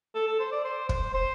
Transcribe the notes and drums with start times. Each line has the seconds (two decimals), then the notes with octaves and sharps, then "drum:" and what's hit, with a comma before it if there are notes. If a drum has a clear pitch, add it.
0.15 A4
0.27 A4
0.39 C5
0.52 D5
0.65 C5
0.89 C5, drum: kick
1.14 C5